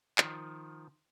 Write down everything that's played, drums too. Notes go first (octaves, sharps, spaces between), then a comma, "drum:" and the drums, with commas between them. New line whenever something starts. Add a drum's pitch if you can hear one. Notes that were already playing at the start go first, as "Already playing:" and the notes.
D#3 F3, drum: clap